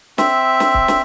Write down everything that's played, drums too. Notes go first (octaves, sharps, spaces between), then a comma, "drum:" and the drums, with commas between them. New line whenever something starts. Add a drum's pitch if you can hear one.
C4 E5, drum: snare
drum: snare
drum: kick C#1
drum: snare